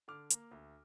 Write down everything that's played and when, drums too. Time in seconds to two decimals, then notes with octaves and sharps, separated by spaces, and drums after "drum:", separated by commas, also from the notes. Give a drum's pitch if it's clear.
0.08 D3 D6 F6
0.30 A#3, drum: hi-hat
0.51 D2